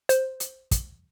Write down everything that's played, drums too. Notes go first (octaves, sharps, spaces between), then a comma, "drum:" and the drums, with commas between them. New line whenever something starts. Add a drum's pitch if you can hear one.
C5, drum: hi-hat
drum: hi-hat
drum: kick, hi-hat